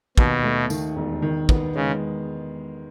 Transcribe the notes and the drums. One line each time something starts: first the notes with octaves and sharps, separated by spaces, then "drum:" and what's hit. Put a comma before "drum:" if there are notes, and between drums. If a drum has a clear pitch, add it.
D#2 B2, drum: kick
A3
D#3, drum: tambourine
E1
D#3
B3, drum: kick
C#3 G#3